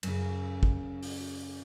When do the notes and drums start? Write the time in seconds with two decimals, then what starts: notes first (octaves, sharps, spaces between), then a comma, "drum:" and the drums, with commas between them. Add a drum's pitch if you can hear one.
0.03 F#2 C#3, drum: cymbal
0.63 drum: kick
1.03 drum: open hi-hat